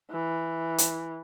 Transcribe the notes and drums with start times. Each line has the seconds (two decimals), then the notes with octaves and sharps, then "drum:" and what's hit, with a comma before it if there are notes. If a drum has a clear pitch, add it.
0.11 E3
0.78 drum: hi-hat